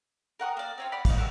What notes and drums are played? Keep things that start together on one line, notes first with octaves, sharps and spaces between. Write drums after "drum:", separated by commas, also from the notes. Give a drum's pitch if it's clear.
A#4 F#5 C#6 D#6
A#3 D5
C4 C#4 F4
D5 F#5 B5
D#4 F5, drum: kick, cymbal
F#4 A#4 C#6 E6